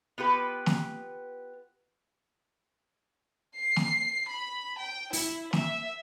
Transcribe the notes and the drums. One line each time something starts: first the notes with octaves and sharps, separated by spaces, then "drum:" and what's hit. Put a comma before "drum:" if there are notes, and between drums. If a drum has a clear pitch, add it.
B3 F4 G4 B4
drum: snare
C7
drum: snare
B5
G5
E4, drum: open hi-hat
E5, drum: snare